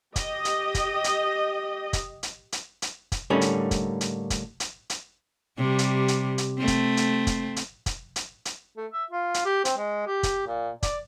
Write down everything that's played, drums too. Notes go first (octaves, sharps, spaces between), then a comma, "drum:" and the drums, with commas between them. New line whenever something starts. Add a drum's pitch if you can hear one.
G4 D#5, drum: kick, hi-hat
drum: hi-hat
drum: kick, hi-hat
drum: hi-hat
drum: kick, hi-hat
drum: hi-hat
drum: hi-hat
drum: hi-hat
drum: kick, hi-hat
A2 D3 G3 A#3 C#4 D#4
drum: hi-hat
drum: kick, hi-hat
drum: hi-hat
drum: kick, hi-hat
drum: hi-hat
drum: hi-hat
C3 G3
drum: hi-hat
drum: hi-hat
drum: hi-hat
A3 C4
drum: kick, hi-hat
drum: hi-hat
drum: kick, hi-hat
drum: hi-hat
drum: kick, hi-hat
drum: hi-hat
drum: hi-hat
A3
E5
F4
drum: hi-hat
G4
C4, drum: hi-hat
G#3
G4
drum: kick, hi-hat
A#2
D5, drum: kick, hi-hat